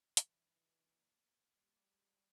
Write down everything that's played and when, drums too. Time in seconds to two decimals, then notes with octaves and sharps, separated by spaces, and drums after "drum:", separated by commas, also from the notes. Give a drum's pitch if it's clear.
0.17 G2 E3, drum: hi-hat
0.52 G#2
0.87 A#2
1.56 A#2 G3
1.81 A2
1.90 G#2